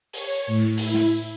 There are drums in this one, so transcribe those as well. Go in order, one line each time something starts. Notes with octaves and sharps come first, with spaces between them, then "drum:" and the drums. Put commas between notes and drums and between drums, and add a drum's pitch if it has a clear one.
C#5, drum: open hi-hat
A2
E4, drum: open hi-hat
drum: snare